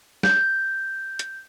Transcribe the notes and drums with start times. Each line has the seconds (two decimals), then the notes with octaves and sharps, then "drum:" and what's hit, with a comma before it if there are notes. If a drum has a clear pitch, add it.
0.23 G6, drum: snare
1.19 drum: hi-hat